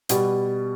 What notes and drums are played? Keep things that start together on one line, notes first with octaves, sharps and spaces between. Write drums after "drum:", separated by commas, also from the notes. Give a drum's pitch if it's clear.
B2 G3 B3, drum: hi-hat